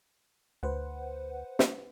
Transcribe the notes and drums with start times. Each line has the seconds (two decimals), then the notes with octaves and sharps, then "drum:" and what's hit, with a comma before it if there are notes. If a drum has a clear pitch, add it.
0.63 D2 B4 C5 F#5
1.59 drum: snare